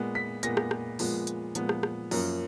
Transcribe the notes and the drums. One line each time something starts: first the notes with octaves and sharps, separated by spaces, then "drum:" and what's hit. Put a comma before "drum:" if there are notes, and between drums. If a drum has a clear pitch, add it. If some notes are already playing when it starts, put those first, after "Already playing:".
Already playing: A#2 G#3 B3
B6
A#2 G#3 B3 A#6, drum: hi-hat
drum: rim click
drum: rim click
A#2 F3 G#3 B3, drum: open hi-hat
drum: hi-hat
A#2 F3 G#3 B3, drum: hi-hat
drum: rim click
drum: rim click
F#2 F3 A#3, drum: open hi-hat